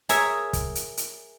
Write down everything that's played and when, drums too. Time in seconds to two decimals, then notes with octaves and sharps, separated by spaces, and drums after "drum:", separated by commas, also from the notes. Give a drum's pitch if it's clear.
0.09 G#4 A#4 C#5 E5 A#5, drum: hi-hat
0.53 drum: kick, hi-hat
0.75 drum: hi-hat
0.97 drum: hi-hat